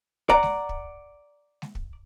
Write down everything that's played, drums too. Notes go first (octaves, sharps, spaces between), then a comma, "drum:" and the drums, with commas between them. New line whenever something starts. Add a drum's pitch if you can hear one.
D5 F#5 A#5, drum: kick
drum: snare
drum: kick
drum: snare
drum: kick